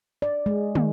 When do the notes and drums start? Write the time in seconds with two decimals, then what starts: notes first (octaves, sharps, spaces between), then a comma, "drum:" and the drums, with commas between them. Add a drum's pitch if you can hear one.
0.22 D5
0.46 G#3
0.75 D#3, drum: tom